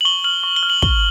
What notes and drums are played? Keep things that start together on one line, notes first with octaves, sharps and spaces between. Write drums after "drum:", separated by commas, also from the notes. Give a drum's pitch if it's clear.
F#7
C#6 G7
F6 F#7
C#6
G7
F6
F#7
C#6 G7, drum: kick